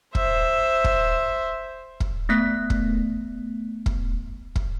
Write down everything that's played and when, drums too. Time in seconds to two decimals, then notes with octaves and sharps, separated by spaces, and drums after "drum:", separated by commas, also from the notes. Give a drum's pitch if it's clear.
0.15 C5 E5, drum: kick
0.84 drum: kick
2.00 drum: kick
2.29 A3 B3 F#6 B6
2.70 drum: kick
3.86 drum: kick
4.55 drum: kick